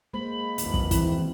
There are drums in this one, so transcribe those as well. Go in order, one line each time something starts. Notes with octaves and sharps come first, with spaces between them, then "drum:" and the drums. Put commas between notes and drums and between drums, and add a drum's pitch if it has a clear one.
G#3 A#3 C5 B5
G#1 E2, drum: hi-hat
drum: kick
E3 C4 E4, drum: kick, hi-hat